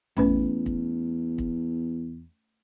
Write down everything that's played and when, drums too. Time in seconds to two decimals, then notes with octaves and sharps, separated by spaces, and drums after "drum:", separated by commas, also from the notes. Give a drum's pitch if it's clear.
0.17 E2 A3 C#4 B4, drum: tom A1
0.66 drum: kick
1.38 drum: kick